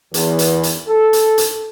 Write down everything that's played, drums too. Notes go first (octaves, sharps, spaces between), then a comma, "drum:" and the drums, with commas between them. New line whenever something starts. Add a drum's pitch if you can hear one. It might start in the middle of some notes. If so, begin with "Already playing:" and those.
E2, drum: hi-hat
drum: hi-hat
drum: hi-hat
A4
drum: hi-hat
drum: hi-hat